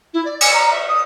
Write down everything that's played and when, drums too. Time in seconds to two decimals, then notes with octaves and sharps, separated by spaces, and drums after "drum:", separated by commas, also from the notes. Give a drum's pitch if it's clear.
0.13 E4
0.25 D5
0.41 G#5, drum: cymbal
0.53 A#5
0.71 E5
0.88 D#6